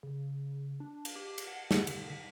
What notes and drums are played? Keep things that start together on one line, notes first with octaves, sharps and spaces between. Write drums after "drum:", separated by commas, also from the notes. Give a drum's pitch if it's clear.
C#3
D4
drum: cymbal
G4
drum: cymbal
F#5
drum: snare
D3, drum: cymbal
B6